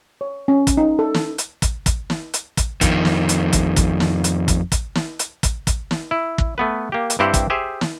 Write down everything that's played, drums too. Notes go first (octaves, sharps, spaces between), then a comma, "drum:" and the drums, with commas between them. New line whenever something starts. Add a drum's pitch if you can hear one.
C#5
C#4
drum: kick, hi-hat
D#4
A4
drum: snare
drum: hi-hat
drum: kick, hi-hat
drum: kick, hi-hat
drum: snare
drum: hi-hat
drum: kick, hi-hat
F2 D#3, drum: kick, hi-hat
drum: snare
drum: hi-hat
drum: kick, hi-hat
drum: kick, hi-hat
drum: snare
drum: hi-hat
drum: kick, hi-hat
drum: kick, hi-hat
drum: snare
drum: hi-hat
drum: kick, hi-hat
drum: kick, hi-hat
drum: snare
E4
drum: kick
A3 B3 B4
A#3 G4
drum: hi-hat
G2 C4 E4 G4 C5 F#5
drum: kick, hi-hat
G4 G#4 C5 E5
drum: snare